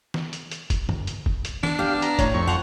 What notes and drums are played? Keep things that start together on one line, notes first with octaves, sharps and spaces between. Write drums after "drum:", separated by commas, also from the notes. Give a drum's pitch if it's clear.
drum: snare
drum: hi-hat
drum: hi-hat
drum: kick, hi-hat
drum: tom F#2
drum: hi-hat
drum: kick
drum: hi-hat
D4, drum: snare
B3 G4 F5
A#5, drum: hi-hat
A2 C#5, drum: kick, hi-hat
F2 C#6
F3 F#5